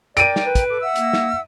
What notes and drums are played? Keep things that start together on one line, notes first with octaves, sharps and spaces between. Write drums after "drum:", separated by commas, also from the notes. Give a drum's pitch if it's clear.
A#4 D5 G5 D7 D#7, drum: hi-hat
drum: snare
B4
drum: kick, hi-hat
A4 D6
E5 F#5 E6
A#3, drum: hi-hat
drum: snare